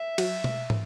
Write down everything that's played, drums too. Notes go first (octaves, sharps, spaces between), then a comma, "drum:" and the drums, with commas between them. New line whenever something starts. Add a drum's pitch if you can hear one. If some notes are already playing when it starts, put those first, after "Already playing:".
Already playing: E5
F#3, drum: cymbal
drum: tom B2
drum: tom